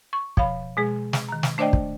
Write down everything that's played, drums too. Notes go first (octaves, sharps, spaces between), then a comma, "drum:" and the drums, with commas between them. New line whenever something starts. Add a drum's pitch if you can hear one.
C#6
B2 F3 C#5 F5 B5, drum: kick
B2 G#3 G#4
drum: snare
D#3 A#5
drum: snare
A3 D4 C5 D5 D#5 G5
drum: kick